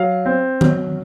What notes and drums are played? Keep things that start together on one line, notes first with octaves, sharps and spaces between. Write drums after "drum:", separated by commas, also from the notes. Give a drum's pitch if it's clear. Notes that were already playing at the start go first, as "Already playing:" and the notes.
Already playing: F#3 F5
C4
F#3, drum: tom D#3